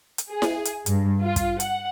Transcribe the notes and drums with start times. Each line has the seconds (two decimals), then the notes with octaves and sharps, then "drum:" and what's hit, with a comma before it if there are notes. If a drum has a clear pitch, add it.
0.18 drum: hi-hat
0.29 G#4
0.42 drum: snare E4
0.65 drum: hi-hat
0.86 G2, drum: hi-hat
1.21 F4
1.36 drum: kick, hi-hat
1.60 F#5, drum: hi-hat